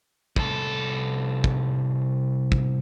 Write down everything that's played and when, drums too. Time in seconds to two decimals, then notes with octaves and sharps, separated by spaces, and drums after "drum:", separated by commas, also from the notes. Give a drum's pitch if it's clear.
0.36 C2 A4, drum: kick
1.44 drum: kick
2.52 drum: kick